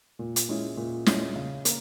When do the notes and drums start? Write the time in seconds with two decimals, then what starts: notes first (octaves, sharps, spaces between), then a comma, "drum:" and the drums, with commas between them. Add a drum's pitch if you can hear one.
0.19 A#2
0.36 drum: hi-hat
0.49 G#3 C#4 E4
0.77 A#2
1.06 G#3 C#4 E4, drum: snare
1.36 C#3
1.65 A#3, drum: hi-hat